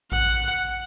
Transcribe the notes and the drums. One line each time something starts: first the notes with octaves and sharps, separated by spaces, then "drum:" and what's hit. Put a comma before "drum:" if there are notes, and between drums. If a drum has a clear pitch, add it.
F#5, drum: kick A1